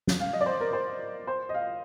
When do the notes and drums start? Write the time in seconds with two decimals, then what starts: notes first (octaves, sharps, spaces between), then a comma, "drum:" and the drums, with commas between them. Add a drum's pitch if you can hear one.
0.07 drum: snare
0.20 F5
0.33 D#5
0.41 D5
0.46 C5
0.61 A#4
0.73 C5
1.27 C5
1.49 D#5
1.54 F5